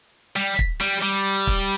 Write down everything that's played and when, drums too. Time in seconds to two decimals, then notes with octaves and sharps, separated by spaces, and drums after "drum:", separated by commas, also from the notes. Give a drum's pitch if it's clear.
0.36 G3
0.59 drum: kick
0.81 G3
1.03 G3
1.47 drum: kick